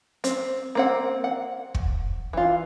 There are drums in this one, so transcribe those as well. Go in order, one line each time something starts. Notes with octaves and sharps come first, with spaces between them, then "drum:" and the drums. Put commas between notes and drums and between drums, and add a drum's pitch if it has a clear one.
C4, drum: hi-hat
A#3 C4 F#5
F#5
drum: kick
E3 F4